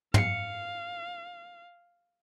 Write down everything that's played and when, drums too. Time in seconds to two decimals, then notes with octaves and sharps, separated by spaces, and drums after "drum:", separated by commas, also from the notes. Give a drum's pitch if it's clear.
0.14 F5 C7 C#7, drum: tom